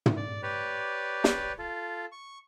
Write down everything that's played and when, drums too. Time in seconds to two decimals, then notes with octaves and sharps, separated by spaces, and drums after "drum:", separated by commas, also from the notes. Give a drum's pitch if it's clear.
0.06 drum: tom
0.17 D5
0.43 G4 B4 C#5 D5
1.24 drum: snare
1.59 F4 A4
2.12 C#6